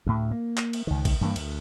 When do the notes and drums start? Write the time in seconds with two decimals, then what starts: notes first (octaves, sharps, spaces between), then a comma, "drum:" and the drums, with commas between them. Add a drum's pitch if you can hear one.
0.06 D2 A2
0.31 A#3
0.57 drum: clap
0.73 drum: cymbal
0.87 C#2 D#3
1.05 drum: kick A1, cymbal
1.21 G2 E3 A#3
1.36 D2, drum: cymbal